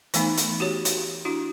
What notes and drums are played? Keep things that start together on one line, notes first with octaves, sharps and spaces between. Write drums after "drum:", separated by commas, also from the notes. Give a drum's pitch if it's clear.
E3 A3 B3 D#4, drum: hi-hat
drum: hi-hat
F#4 G4 C#5
drum: hi-hat
D4 E4 F#4